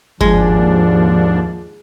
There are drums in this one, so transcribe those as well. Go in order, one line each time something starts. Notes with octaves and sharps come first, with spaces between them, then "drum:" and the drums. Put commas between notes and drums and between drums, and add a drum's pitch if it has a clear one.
D#2 G#2 F3 G#3 D4, drum: kick G1